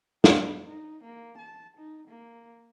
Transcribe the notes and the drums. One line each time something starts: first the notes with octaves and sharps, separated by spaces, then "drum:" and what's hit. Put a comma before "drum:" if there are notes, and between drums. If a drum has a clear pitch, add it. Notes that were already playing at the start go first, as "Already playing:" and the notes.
B3, drum: snare
D#4
A#3
A5
D#4
A#3